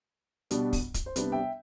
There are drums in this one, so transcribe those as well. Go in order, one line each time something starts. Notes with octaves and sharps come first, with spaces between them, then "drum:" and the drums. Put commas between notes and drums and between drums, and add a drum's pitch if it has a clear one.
B2 G3 B3 D4, drum: hi-hat
drum: kick, open hi-hat
drum: kick, hi-hat
C5
C3 G3 B3 D4 B4 D5, drum: hi-hat
E5 G5